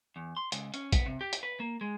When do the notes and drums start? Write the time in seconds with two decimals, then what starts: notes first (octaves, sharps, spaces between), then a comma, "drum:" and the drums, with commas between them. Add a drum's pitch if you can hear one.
0.16 E2
0.37 C6
0.52 C#2, drum: hi-hat
0.74 C#4, drum: hi-hat
0.92 B3, drum: kick, hi-hat
1.06 C3
1.21 G4
1.33 drum: hi-hat
1.43 B4
1.60 A#3
1.81 G#3